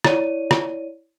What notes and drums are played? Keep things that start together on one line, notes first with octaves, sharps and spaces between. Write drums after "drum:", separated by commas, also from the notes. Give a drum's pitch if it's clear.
E4 C#5 D5 D#7, drum: rim click
drum: rim click